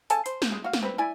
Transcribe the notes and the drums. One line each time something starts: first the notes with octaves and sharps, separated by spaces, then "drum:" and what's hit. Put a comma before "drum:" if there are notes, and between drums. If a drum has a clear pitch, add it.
C#3 A4 G#5 A5, drum: hi-hat
C5, drum: hi-hat
drum: snare
G#3
F#4 F5
drum: snare
C4 B4
E4 D5 E5 G#5